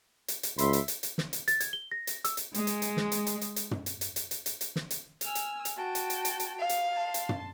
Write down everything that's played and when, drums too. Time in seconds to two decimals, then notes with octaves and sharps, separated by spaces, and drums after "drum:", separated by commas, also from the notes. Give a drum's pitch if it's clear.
0.28 drum: hi-hat
0.43 drum: hi-hat
0.58 C#2 E5 B5 C6, drum: hi-hat
0.73 drum: hi-hat
0.88 drum: hi-hat
1.03 drum: hi-hat
1.18 drum: snare
1.33 drum: hi-hat
1.48 A6, drum: hi-hat
1.60 G#6, drum: hi-hat
1.73 G7
1.92 A#6
2.07 drum: hi-hat
2.25 E6, drum: hi-hat
2.37 drum: hi-hat
2.54 G#3, drum: hi-hat
2.67 drum: hi-hat
2.82 drum: hi-hat
2.97 drum: snare
3.12 drum: hi-hat
3.27 drum: hi-hat
3.41 drum: hi-hat
3.56 drum: hi-hat
3.71 drum: tom
3.86 drum: hi-hat
4.01 drum: hi-hat
4.16 drum: hi-hat
4.31 drum: hi-hat
4.46 drum: hi-hat
4.61 drum: hi-hat
4.76 drum: snare
4.91 drum: hi-hat
5.21 G#5 E6 F6, drum: hi-hat
5.35 drum: hi-hat
5.65 drum: hi-hat
5.76 F#4 G5 A5
5.95 drum: hi-hat
6.10 drum: hi-hat
6.25 drum: hi-hat
6.40 drum: hi-hat
6.60 F5
6.69 drum: hi-hat
6.93 A5 C6
7.14 drum: hi-hat
7.29 drum: tom